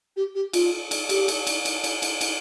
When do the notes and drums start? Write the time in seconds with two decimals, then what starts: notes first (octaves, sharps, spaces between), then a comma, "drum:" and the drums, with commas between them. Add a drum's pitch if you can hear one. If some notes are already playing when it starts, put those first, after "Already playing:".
0.17 G4
0.35 G4
0.53 F4, drum: cymbal
0.91 drum: cymbal
1.09 G4, drum: cymbal
1.28 drum: cymbal
1.47 drum: cymbal
1.65 drum: cymbal
1.84 drum: cymbal
2.02 drum: cymbal
2.21 drum: cymbal